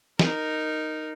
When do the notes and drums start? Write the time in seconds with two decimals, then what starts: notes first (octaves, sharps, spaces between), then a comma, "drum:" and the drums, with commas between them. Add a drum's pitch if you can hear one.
0.19 D#4 A#4, drum: snare